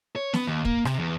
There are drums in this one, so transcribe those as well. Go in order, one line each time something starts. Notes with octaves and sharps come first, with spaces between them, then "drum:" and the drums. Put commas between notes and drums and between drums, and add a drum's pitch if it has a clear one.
C#5
B3, drum: snare
D#2
A#3, drum: kick
C3, drum: rim click
E2